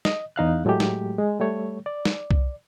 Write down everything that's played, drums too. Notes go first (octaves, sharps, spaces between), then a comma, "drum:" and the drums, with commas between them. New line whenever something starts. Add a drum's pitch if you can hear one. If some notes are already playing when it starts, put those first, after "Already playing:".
D#5, drum: snare
E2 D#4 F5 F#6
A2 F#3 G#3 A3 G4
drum: snare
G#3
G3 A3 C#5
D5
drum: snare
drum: kick C2